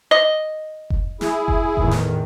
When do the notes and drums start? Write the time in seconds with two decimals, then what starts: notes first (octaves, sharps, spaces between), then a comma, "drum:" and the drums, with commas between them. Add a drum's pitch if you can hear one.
0.11 D#5
0.90 drum: kick F1
1.21 E4 G#4, drum: snare
1.48 drum: kick F1
1.77 E2 A2 D#3, drum: kick F1
1.91 drum: snare